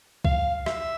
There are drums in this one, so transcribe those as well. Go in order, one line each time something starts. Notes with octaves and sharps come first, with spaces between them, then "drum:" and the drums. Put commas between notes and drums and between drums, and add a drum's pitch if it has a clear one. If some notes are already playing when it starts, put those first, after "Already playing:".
F5, drum: kick C2
E5, drum: rim click